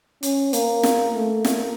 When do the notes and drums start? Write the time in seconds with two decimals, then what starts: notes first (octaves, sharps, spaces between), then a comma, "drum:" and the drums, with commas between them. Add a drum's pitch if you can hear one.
0.23 C#4, drum: hi-hat
0.53 A#3, drum: hi-hat
0.83 drum: snare
1.14 A3
1.45 A#3, drum: snare